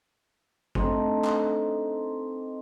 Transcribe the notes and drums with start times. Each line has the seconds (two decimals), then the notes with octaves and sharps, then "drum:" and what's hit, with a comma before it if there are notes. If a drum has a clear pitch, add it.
0.75 A3 C4 D4 D#4, drum: kick
1.25 drum: clap